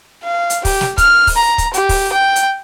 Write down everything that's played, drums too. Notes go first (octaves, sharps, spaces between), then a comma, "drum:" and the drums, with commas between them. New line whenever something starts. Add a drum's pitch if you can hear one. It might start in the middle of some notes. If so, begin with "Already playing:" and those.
F5
drum: hi-hat
G4, drum: kick, open hi-hat
drum: snare
F6, drum: kick, hi-hat
drum: kick, open hi-hat
A#5
drum: kick, hi-hat
G4, drum: hi-hat
drum: kick, open hi-hat
G5
drum: hi-hat